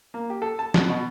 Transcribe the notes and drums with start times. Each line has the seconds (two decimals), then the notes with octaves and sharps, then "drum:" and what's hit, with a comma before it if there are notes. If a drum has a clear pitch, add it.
0.14 A#3
0.30 G4
0.42 A4
0.59 A5
0.74 B2, drum: snare
0.89 B2